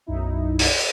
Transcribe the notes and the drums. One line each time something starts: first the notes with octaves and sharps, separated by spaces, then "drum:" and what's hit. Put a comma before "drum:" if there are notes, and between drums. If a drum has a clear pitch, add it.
B1 F#2 D#4 E4
drum: open hi-hat